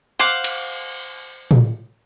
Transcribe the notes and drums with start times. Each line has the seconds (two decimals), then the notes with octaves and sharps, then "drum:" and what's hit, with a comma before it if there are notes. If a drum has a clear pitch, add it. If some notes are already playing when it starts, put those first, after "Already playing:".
0.19 C5 F5 F#5 D6
0.44 drum: cymbal
1.51 drum: tom